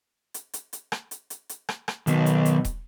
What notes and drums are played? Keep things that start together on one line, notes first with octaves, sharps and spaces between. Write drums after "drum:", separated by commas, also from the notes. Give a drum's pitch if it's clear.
drum: hi-hat
drum: hi-hat
drum: hi-hat
drum: rim click
drum: hi-hat
drum: hi-hat
drum: hi-hat
drum: rim click
drum: rim click
B1 B2 D#3, drum: hi-hat
drum: hi-hat
drum: hi-hat
drum: kick D#1, hi-hat